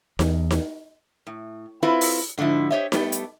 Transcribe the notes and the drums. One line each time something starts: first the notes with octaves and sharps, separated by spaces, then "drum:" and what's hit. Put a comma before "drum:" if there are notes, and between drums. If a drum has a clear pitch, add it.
E2, drum: snare D#4
drum: snare D#4
A2
C4 E4 F4 A4 B4
drum: open hi-hat
G#2 D3 D#3 F3 E4
G4 C5 C#5 D#5 E5
G3 A3 B3 E4 G4 A4, drum: snare D#4
drum: hi-hat